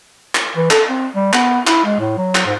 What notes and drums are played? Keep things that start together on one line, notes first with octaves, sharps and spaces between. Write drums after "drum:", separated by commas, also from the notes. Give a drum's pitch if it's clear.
drum: clap
E3
A4, drum: clap
C4
G3
B3, drum: clap
E4, drum: clap
G#3
A2
F#3
drum: clap
G#2